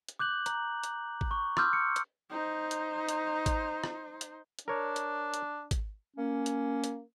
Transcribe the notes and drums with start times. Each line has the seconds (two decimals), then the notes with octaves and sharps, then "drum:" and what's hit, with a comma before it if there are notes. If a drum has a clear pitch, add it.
0.09 drum: hi-hat
0.19 D6 F#6 G6 F#7
0.46 A#5, drum: hi-hat
0.84 drum: hi-hat
1.21 drum: kick
1.31 C#6
1.57 C6 D6 E6 F6 G6, drum: rim click
1.73 C#7
1.96 drum: hi-hat
2.30 D#4 C5
2.71 drum: hi-hat
3.09 drum: hi-hat
3.46 drum: kick, hi-hat
3.84 drum: rim click
4.21 drum: hi-hat
4.59 drum: hi-hat
4.68 D4 A#4 C#5
4.96 drum: hi-hat
5.34 drum: hi-hat
5.71 drum: kick, hi-hat
6.17 A#3 C#4
6.46 drum: hi-hat
6.84 drum: hi-hat